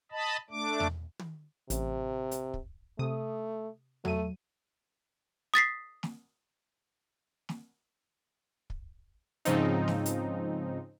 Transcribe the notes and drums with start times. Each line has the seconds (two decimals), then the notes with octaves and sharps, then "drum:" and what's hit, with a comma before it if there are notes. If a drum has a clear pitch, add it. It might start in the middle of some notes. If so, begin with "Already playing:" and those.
0.12 D#5 A5 B5
0.50 A3 D4 D6
0.80 drum: tom E2
1.19 drum: tom
1.70 A1 C3, drum: hi-hat
2.31 drum: hi-hat
2.54 drum: kick
2.99 C3 A3 D#6
4.05 F#3 A3 D#7, drum: tom E2
5.54 D#6 A6 B6 C7
6.03 drum: snare
7.49 drum: snare
8.70 drum: kick
9.45 G#2 C#3 F3 C4 D#4, drum: hi-hat
9.88 drum: snare
10.06 drum: hi-hat